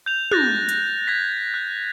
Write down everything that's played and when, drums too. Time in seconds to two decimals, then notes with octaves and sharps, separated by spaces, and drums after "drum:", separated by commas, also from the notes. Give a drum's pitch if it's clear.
0.06 G6 F7
0.31 F#6 A6 A#6, drum: tom
0.69 drum: hi-hat
1.07 G#6 A6 B6
1.54 F#6